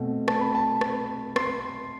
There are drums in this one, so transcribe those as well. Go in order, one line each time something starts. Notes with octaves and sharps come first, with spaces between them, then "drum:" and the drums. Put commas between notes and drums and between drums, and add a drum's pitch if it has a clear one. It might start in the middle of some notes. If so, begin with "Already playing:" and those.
Already playing: B2 A3 C4
A5, drum: rim click
B5
A5
drum: rim click
C6, drum: rim click